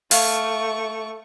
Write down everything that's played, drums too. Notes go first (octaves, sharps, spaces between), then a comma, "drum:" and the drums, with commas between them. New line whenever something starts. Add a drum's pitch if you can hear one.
A3 F5 C#6, drum: open hi-hat